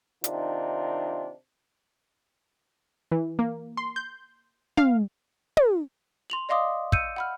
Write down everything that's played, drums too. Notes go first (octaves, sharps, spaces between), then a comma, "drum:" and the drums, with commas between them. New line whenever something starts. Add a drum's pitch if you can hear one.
C3 D#3 D4 D#4 F4, drum: hi-hat
E3
A#3
C6
G6
F5, drum: tom
drum: tom
C6 F7 F#7
D5 D#5 F5 C6 D6 D#6
E6 G6 C#7 D#7, drum: kick
F#5 B5 F6